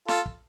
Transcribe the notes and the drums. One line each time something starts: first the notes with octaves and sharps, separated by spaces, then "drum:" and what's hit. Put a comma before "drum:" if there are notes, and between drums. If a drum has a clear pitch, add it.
F4 A4, drum: snare
drum: kick